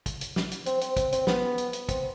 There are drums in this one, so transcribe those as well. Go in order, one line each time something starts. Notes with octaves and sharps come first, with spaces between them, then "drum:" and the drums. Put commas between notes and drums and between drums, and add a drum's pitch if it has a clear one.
drum: kick, hi-hat
drum: hi-hat
drum: snare
drum: hi-hat
C4, drum: hi-hat
C4, drum: hi-hat
C4, drum: kick, hi-hat
C4, drum: hi-hat
B3, drum: snare
drum: hi-hat
drum: hi-hat
C4, drum: kick, hi-hat